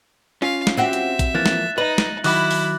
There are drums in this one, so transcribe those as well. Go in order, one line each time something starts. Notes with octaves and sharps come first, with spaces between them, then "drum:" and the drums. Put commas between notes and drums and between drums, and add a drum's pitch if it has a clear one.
C#4 F4 F5
drum: snare
C4 F#4 G4 E5
drum: hi-hat
drum: kick A#1, hi-hat
E3 F3 A#3 F#6 A6
drum: snare
D#4 B4 D#5 A#6 F#7
drum: snare
D#3 F#3 E4 B5 D6 F#6, drum: open hi-hat
drum: open hi-hat